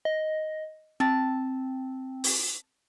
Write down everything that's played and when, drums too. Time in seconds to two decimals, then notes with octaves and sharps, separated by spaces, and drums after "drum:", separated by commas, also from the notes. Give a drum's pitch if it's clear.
0.05 D#5
1.00 C4 A5
2.24 drum: open hi-hat